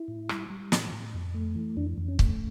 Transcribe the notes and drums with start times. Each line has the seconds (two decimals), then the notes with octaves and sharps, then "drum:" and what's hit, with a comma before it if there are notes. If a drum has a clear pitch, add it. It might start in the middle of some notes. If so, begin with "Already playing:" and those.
Already playing: E4
0.08 A2
0.29 G3, drum: rim click
0.50 G3
0.72 A2, drum: snare
0.92 A2
1.14 F2
1.34 A3
1.55 E3
1.77 F2 D4
1.98 F2
2.08 C#4
2.19 A3, drum: kick